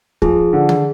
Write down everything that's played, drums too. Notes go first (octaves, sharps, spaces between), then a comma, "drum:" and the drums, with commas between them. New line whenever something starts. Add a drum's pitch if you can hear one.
F3 G#4, drum: kick
D3
drum: tom